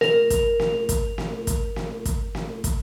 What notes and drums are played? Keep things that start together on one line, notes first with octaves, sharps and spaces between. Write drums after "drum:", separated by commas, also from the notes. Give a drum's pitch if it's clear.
A#4 F7, drum: snare
drum: kick, hi-hat
drum: snare
drum: kick, hi-hat
drum: snare
drum: kick, hi-hat
drum: snare
drum: kick, hi-hat
drum: snare
drum: kick, hi-hat